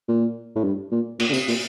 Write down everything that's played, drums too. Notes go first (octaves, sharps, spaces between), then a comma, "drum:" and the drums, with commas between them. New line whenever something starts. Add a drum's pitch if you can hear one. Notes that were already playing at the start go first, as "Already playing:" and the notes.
A#2
A2
G2
A#2
A#2, drum: cymbal
D3
C3, drum: tambourine
A#2, drum: open hi-hat